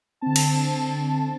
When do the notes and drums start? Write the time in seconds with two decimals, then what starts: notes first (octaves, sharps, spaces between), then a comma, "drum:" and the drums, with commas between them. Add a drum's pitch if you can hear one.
0.21 D3 C4 A5
0.36 drum: cymbal